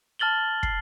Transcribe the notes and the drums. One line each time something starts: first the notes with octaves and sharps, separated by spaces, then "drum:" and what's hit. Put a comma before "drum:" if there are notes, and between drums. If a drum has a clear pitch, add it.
A5 F6 A6 F#7 G7
C7, drum: kick